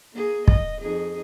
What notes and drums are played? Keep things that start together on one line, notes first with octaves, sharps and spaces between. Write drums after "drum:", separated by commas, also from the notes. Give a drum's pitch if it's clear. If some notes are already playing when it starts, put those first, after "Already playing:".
A#3 G#4
D#5, drum: kick
F2 D#4 G#4